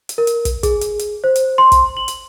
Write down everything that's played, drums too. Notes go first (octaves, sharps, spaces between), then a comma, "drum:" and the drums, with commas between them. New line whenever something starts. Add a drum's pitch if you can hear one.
drum: hi-hat
A#4
drum: hi-hat
drum: kick, hi-hat
G#4, drum: kick, hi-hat
drum: hi-hat
drum: hi-hat
C5
drum: hi-hat
C6
drum: kick, hi-hat
F#7
drum: hi-hat